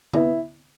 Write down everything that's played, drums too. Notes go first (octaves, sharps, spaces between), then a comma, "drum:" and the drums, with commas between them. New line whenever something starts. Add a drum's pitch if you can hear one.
B3 E4, drum: tom D3